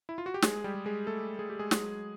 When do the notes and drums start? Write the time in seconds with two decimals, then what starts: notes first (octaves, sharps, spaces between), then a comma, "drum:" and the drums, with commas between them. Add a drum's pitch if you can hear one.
0.09 E4
0.18 F4
0.26 F#4
0.34 G4
0.42 G#3 G#4, drum: snare
0.64 G3 G4
0.75 G#3
0.86 G#3 G#4
1.07 G#3 A3 A4
1.39 G#3 G#4
1.50 G4
1.59 G#3 G#4
1.71 F#3 G#3 G#4, drum: snare